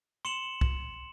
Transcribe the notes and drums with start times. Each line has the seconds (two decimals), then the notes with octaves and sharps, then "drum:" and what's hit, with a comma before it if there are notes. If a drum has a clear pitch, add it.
0.25 C6 C#7 E7 F#7
0.61 drum: kick C2